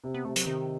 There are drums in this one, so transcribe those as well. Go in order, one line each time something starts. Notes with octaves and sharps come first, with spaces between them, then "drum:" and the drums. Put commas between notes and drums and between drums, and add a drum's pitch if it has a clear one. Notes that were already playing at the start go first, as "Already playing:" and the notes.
C3
B3
C3 A3
F#3, drum: hi-hat
C3 D#3